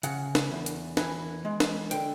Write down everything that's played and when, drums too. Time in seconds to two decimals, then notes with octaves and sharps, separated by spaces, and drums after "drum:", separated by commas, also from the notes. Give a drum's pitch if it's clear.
0.03 C#3 F#5, drum: hi-hat
0.35 drum: snare
0.51 E2
0.66 drum: hi-hat
0.97 E3, drum: snare
1.45 G#3
1.60 drum: snare
1.91 D3 G5, drum: hi-hat